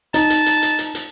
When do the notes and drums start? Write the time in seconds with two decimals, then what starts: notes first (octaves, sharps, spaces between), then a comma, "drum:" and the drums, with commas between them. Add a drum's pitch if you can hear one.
0.14 D#4 A5, drum: hi-hat
0.30 drum: hi-hat
0.46 drum: hi-hat
0.62 drum: hi-hat
0.79 drum: hi-hat
0.95 drum: hi-hat